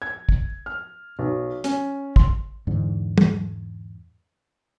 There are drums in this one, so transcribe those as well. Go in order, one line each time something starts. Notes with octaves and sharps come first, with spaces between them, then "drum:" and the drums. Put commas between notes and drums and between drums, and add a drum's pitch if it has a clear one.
G#6
drum: kick
F6
B1
C#4, drum: hi-hat
C6, drum: kick
E2 G#2 D3
drum: tom